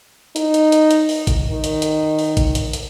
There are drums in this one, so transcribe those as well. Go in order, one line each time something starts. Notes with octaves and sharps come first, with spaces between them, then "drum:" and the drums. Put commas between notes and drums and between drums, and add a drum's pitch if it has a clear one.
D#4, drum: hi-hat
drum: hi-hat
drum: hi-hat
drum: hi-hat
drum: open hi-hat
drum: kick G#1, hi-hat
D#3
drum: hi-hat
drum: hi-hat
drum: open hi-hat
drum: kick G#1, hi-hat
drum: hi-hat
drum: hi-hat